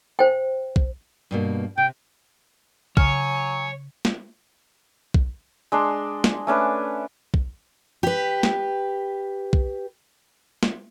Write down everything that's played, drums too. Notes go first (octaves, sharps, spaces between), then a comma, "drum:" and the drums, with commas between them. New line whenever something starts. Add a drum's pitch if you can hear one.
C5 G5
drum: kick
G2 B2 A#3
C3 G5
C#3 F#3 C#5 G#5, drum: kick
drum: snare
drum: kick
G#3 D4 C6
drum: snare
A3 C#4 D4 B4
drum: kick
G4 B4
drum: snare
drum: kick
drum: snare